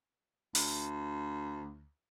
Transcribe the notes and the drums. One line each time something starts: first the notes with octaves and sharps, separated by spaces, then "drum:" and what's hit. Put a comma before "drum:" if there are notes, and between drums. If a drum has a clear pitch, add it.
D2, drum: open hi-hat